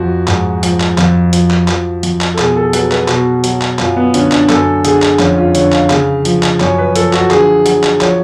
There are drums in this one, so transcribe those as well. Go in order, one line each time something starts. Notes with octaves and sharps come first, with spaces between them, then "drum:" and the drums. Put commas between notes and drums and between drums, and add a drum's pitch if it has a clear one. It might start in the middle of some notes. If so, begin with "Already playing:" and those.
Already playing: F2 F3 F#4
G#2, drum: clap
F3, drum: hi-hat
drum: clap
F2, drum: clap
F3, drum: hi-hat
drum: clap
F3, drum: clap
F2, drum: hi-hat
drum: clap
A4
B2 G#4, drum: clap
A4
F#3 B4, drum: hi-hat
B4, drum: clap
B2 F#4, drum: clap
F#3, drum: hi-hat
drum: clap
F#2 F4, drum: clap
B3
D3 C#4, drum: hi-hat
D4, drum: clap
F#2 A4, drum: clap
D3 G#4, drum: hi-hat
drum: clap
F2 C#4, drum: clap
F4
D3 C#5, drum: hi-hat
F5, drum: clap
C#3, drum: clap
F3, drum: hi-hat
drum: clap
F#2 C#5, drum: clap
B4
F3 A4, drum: hi-hat
F#4, drum: clap
D3 G#4, drum: clap
F#3, drum: hi-hat
drum: clap
F3 C#5, drum: clap